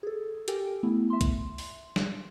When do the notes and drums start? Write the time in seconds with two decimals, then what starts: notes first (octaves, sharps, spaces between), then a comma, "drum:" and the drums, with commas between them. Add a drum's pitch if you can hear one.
0.03 G#4 A4
0.48 G4 A4 A#4 G5 G#5, drum: hi-hat
0.83 A3 B3 E4
1.10 E5 C6
1.21 drum: kick, hi-hat
1.58 drum: open hi-hat
1.96 drum: snare